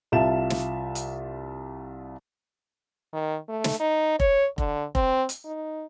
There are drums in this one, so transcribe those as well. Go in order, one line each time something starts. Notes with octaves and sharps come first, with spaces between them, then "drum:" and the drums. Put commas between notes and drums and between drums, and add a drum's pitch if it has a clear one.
C2 F4 E5 A5 E7
drum: snare
drum: hi-hat
D#3
A3
drum: snare
D#4
C#5, drum: kick F1
D3, drum: kick F1
C4, drum: kick F1
drum: hi-hat
D#4